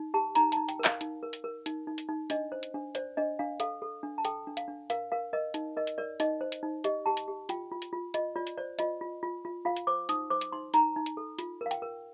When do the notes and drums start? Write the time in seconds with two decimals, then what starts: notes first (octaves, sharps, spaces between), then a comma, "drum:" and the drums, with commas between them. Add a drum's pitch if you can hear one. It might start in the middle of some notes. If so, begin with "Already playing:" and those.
Already playing: D#4
0.14 G4 A5
0.35 D#4 A#5, drum: hi-hat
0.52 D#4 A5, drum: hi-hat
0.69 G5, drum: hi-hat
0.79 A#4
0.85 F5, drum: clap
1.01 D#4, drum: hi-hat
1.23 A#4
1.33 drum: hi-hat
1.44 A#4
1.66 D#4, drum: hi-hat
1.87 D#4
1.98 drum: hi-hat
2.09 D#4
2.30 D4 D#5, drum: hi-hat
2.52 C5
2.63 drum: hi-hat
2.74 D4
2.95 C5 D5, drum: hi-hat
3.17 D4 D#5
3.39 D4 F5
3.60 A4 F5, drum: hi-hat
3.82 A4
4.03 D4
4.18 A5
4.25 A4 G5, drum: hi-hat
4.47 D4
4.57 F5, drum: hi-hat
4.68 D4
4.90 A#4 F5, drum: hi-hat
5.12 A#4 F5
5.33 A#4 D#5
5.54 D#4, drum: hi-hat
5.77 A#4 D#5
5.87 drum: hi-hat
5.98 A#4 D5
6.20 D#4 D#5, drum: hi-hat
6.41 C5
6.52 drum: hi-hat
6.63 D#4
6.84 G4 D#5, drum: hi-hat
7.06 G4 A5
7.17 drum: hi-hat
7.28 G4
7.49 F4 G5, drum: hi-hat
7.72 F4
7.82 drum: hi-hat
7.93 F4
8.14 F4 D#5, drum: hi-hat
8.36 F4 D5
8.47 drum: hi-hat
8.58 C5 D5
8.79 F4 D#5, drum: hi-hat
9.01 F4
9.23 F4
9.45 F4
9.65 F4 F5
9.77 drum: hi-hat
9.87 C5 D6
10.09 D#4 D#6, drum: hi-hat
10.30 C5 D6
10.41 drum: hi-hat
10.52 D#4 C6
10.74 D#4 A#5, drum: hi-hat
10.96 D#4
11.06 drum: hi-hat
11.17 A4
11.39 F4, drum: hi-hat
11.61 A#4 F5
11.71 G5, drum: hi-hat
11.82 A#4